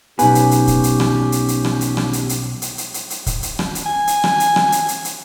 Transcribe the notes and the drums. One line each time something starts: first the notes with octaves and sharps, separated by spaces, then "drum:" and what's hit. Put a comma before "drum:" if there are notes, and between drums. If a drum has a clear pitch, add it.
B1 F#2 B3 C#4 D#4 G4 B4 G#5, drum: hi-hat
drum: hi-hat
drum: hi-hat
drum: kick C#1, hi-hat
drum: hi-hat
drum: rim click
drum: hi-hat
drum: hi-hat
drum: rim click
drum: hi-hat
drum: rim click
drum: hi-hat
drum: hi-hat
drum: hi-hat
drum: hi-hat
drum: hi-hat
drum: hi-hat
drum: kick C#1, hi-hat
drum: hi-hat
drum: rim click
drum: hi-hat
G#5
drum: hi-hat
drum: rim click
drum: hi-hat
drum: rim click
drum: hi-hat
drum: hi-hat
drum: hi-hat